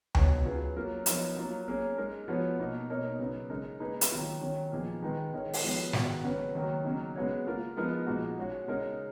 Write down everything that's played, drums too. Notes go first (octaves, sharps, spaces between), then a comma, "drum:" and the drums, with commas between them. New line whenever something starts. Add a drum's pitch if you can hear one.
F#3 B3 D#4 F#4 C#5, drum: tom D2
F#3 C#4 F4 G#4 B4
F#3 A#3 F4 A#4
F3 B3 D#4 A#4 C#5, drum: hi-hat
F#3 A#3 F4
A#3 C#4 G#4
G#3 D#4 A#4
F3 B3 F#4 C#5
B2 A#3 D#4
B2 A#3 D#4 A#4 C#5
C#3 F#3 B3
C#3 G#3 D#4 A#4
A#3 D#4 G#4 B4
drum: hi-hat
D#3 F#3 A#3 F4
D#3 F#3 C#4
A#2 F3 B3 D#4 G#4
D#3 G#3 D#4 G#4 B4
D#3 G#3 D#4 A#4 C#5
drum: open hi-hat
F3 G#3 B3 F#4 C#5
D#3 G#3 B3 F#4, drum: snare
C#3 F#3 C#4 F#4 B4
D#3 F#3 A#3
C#3 F#3 A#3 D#4
C#3 G#3 B3 F#4 C#5
A#3 F4 A#4
F3 G#3 B3 D#4 A#4
A#2 F3 G#3 D#4 F#4
G#3 C#4 F#4
C#3 G#3 D#4 A#4 C#5